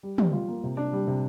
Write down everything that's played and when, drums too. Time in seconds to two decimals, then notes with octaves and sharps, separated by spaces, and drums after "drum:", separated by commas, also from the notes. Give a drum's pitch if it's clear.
0.03 G3
0.18 G3, drum: tom
0.33 F4
0.48 A#3
0.64 C3
0.77 D4
0.93 G3
1.07 C3